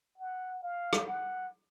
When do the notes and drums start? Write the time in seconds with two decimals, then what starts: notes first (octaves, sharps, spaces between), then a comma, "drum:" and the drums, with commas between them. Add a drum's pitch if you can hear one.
0.18 F#5
0.62 F5
0.93 drum: rim click
1.07 F#5